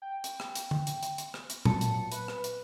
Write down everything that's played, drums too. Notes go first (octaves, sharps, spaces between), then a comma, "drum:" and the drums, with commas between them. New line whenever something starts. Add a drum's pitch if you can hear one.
G5
drum: hi-hat
drum: rim click
drum: hi-hat
drum: tom
drum: hi-hat
drum: hi-hat
drum: hi-hat
drum: rim click
drum: hi-hat
A#2 F#3 A5 C#7, drum: tom A#2
drum: hi-hat
B4, drum: hi-hat
drum: rim click
drum: hi-hat